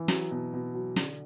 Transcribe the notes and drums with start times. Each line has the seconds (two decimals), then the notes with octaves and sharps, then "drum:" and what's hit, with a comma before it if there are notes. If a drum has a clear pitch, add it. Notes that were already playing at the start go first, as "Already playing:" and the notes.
Already playing: E3
0.08 F#3, drum: snare
0.31 B2
0.53 B2
0.74 F#3
0.96 D3, drum: snare